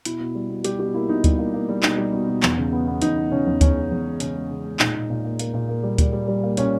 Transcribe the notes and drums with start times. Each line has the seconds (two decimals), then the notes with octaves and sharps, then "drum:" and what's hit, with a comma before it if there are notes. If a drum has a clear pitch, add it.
0.05 B2 E4, drum: hi-hat
0.20 B2
0.35 G3
0.50 B2
0.64 G3 G4, drum: hi-hat
0.79 B2 G4
0.94 A#3 E4
1.09 B2 D#4
1.24 G3, drum: kick D2, hi-hat
1.38 A#3
1.54 A#3
1.69 G3
1.83 B2 D#4, drum: clap
1.98 G3
2.13 B2
2.28 B2
2.43 E2, drum: clap
2.58 C#3
2.72 B3
2.87 B3
3.02 E2 D#4, drum: hi-hat
3.17 B3
3.32 C#3 C#4
3.47 E2
3.61 E2 C#4, drum: kick D2, hi-hat
3.76 G#3
3.91 E2
4.06 G#3
4.20 C#3 C#4, drum: hi-hat
4.35 G#3
4.50 C#3
4.65 G#3
4.79 A#2 D#4, drum: clap
4.95 A#2
5.10 A#2
5.25 A#3
5.39 A#3, drum: hi-hat
5.54 A#2
5.69 A#3
5.83 G3
5.98 G3, drum: kick D2, hi-hat
6.13 G3
6.28 G3
6.43 A#3
6.57 A#2 C#4, drum: hi-hat